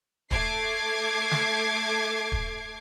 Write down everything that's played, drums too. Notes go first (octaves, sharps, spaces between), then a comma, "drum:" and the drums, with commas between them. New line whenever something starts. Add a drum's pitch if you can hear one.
A3 D6 G#6 C7, drum: kick
drum: snare
drum: kick